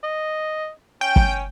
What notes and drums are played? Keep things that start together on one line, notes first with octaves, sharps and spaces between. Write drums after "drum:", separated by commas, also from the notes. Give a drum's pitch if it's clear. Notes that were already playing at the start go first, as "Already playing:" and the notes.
D#5
C#4 G5
drum: kick G1